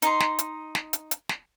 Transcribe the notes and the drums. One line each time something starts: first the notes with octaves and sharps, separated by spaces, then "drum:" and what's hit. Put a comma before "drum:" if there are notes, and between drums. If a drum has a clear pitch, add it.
D#4 D#5 A#5 C6, drum: hi-hat
drum: snare
drum: hi-hat
drum: snare
drum: hi-hat
drum: hi-hat
drum: snare